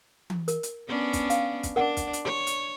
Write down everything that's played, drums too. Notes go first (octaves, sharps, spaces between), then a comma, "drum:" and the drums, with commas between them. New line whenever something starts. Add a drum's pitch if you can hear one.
drum: tom E3
A#4, drum: hi-hat
drum: hi-hat
B3 C#4 D4
drum: kick, hi-hat
F5, drum: hi-hat
drum: kick, hi-hat
D4 A#4 F#5
drum: kick, hi-hat
drum: hi-hat
C#5 C6
drum: hi-hat